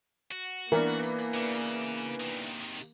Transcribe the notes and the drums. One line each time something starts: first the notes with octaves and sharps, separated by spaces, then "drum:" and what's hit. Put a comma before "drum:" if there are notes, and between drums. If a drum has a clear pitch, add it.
F#4
E3 A#3 B3 D4 A#4, drum: hi-hat
drum: hi-hat
drum: hi-hat
drum: hi-hat
C#3, drum: open hi-hat
drum: hi-hat
drum: hi-hat
drum: hi-hat
drum: hi-hat
C3 D#3
drum: hi-hat
drum: hi-hat
drum: hi-hat